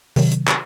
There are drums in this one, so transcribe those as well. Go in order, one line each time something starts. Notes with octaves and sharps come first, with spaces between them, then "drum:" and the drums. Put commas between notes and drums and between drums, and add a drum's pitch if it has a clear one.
C3 D#3 F#3, drum: open hi-hat
drum: hi-hat
drum: clap